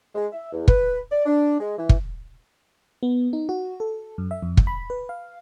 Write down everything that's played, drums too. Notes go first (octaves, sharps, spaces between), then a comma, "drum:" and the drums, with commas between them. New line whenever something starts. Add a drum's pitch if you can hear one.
G#3
E5
E2
B4, drum: kick
D5
D4
G#3
E3
drum: kick
B3
D#4
F#4
A4
F#2
E5
F2
drum: kick
B5
B4
F5